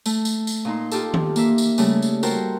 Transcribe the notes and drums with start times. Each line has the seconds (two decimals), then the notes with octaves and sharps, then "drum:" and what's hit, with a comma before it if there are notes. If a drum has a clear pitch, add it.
0.06 A3, drum: tambourine
0.25 drum: tambourine
0.47 drum: tambourine
0.65 A#2 D#4 C6
0.92 F4 G4 A4, drum: tambourine
1.14 drum: tom D#3
1.36 A#3 E5, drum: tambourine
1.58 drum: tambourine
1.78 C#3 G3 A3, drum: tambourine
2.02 drum: tambourine
2.23 F#4 A4 A#4 C5 G5, drum: tambourine